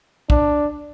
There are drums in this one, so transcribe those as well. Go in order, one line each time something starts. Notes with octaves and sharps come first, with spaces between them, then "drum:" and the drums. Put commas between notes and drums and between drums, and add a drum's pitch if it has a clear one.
D4, drum: kick